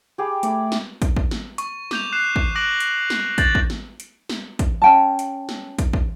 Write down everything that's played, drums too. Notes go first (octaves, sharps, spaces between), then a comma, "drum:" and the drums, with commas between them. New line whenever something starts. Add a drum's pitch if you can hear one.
G4 G#4 B5
A3 D5 B5, drum: hi-hat
drum: snare
drum: kick, hi-hat
drum: kick
drum: snare
C#6, drum: hi-hat
D6 G6 F7, drum: snare
F#6 C7 E7
drum: kick
D6 F#6 A#6 D7 F#7
drum: hi-hat
drum: snare
G6 A6 F#7, drum: kick, hi-hat
drum: kick
drum: snare
drum: hi-hat
drum: snare
drum: kick, hi-hat
C#4 G5 A5
drum: hi-hat
drum: snare
drum: kick, hi-hat
drum: kick